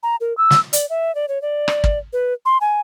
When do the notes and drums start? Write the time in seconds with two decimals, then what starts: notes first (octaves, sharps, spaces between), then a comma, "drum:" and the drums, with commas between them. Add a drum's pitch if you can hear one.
0.03 A#5
0.21 A#4
0.38 E6
0.51 drum: snare
0.73 D5, drum: hi-hat
0.90 E5
1.15 D5
1.28 C#5
1.42 D5
1.68 drum: rim click
1.84 drum: kick
2.13 B4
2.46 C6
2.61 G#5